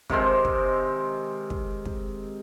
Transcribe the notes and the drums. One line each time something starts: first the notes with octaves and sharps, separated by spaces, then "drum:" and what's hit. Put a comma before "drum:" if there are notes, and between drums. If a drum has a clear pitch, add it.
C3 D#3 G#3 C4, drum: kick
drum: kick
drum: kick
drum: kick